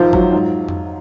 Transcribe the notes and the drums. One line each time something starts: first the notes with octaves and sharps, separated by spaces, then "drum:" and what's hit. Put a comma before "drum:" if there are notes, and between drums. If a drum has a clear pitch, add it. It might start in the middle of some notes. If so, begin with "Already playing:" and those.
Already playing: F2 C3 D#3 F4 C5
F#3, drum: kick G1
G#2
drum: tom F2